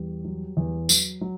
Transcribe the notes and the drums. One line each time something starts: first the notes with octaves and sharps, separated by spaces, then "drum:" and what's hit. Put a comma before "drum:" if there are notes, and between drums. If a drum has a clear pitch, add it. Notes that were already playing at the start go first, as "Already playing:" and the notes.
Already playing: E2 G3
F#3
E2
F#3, drum: tambourine
F#3